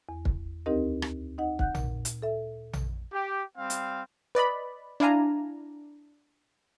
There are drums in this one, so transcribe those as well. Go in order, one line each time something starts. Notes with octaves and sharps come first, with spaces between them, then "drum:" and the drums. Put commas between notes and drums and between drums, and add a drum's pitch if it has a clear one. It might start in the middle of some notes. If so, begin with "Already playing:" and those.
E2
drum: kick
D2 C4 D#4 G4 A#4 D#5
drum: rim click
D#4 D#5 F#5
F#5 F#6 G6, drum: kick
A#2, drum: tom A#1
drum: hi-hat
A4 E5
drum: tom A#1
G4
G3 C4 F5
drum: hi-hat
B4 D5 D#5 B5
D4 E4 D5 F5 G#5 A#5